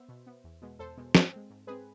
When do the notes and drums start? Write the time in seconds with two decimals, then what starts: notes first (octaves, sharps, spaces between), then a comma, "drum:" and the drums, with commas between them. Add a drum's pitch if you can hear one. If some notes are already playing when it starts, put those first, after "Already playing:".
Already playing: B3 C5 E5
0.08 B2
0.27 B3
0.44 E2
0.61 B2 G#3 B3
0.79 E2 A4 C5
0.97 B2 G#3 B3
1.15 G#2, drum: snare
1.32 G#3 C4
1.50 G#2
1.67 G#3 C4 G#4 B4